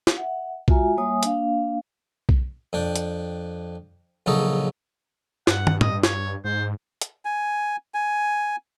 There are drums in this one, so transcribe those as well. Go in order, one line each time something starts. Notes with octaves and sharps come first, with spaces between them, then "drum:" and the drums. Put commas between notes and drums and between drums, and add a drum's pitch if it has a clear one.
drum: snare
E5 F#5
G#3 F4 F#4 E5 G#5 A#5, drum: kick B1
G3 A#3 C#5 E5 G#5 D#6
A#3 D4 F5, drum: hi-hat
drum: kick B1
F2 D4 G5
drum: hi-hat
A#1 C#3 F#3 D#4 A4 D#5
G2 F#5, drum: snare
drum: tom
D#5, drum: tom
C#5, drum: snare
G#2 C5
drum: hi-hat
G#5
G#5